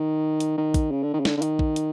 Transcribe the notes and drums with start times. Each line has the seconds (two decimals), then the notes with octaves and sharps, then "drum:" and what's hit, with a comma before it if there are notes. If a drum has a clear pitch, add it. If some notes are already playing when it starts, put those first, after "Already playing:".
Already playing: D#3
0.40 drum: hi-hat
0.58 D#3
0.74 drum: kick A#1, hi-hat
0.91 C#3
1.03 D3
1.13 D#3
1.20 C#3
1.25 D3, drum: snare
1.37 D3
1.42 D#3, drum: hi-hat
1.59 drum: kick A#1
1.76 drum: hi-hat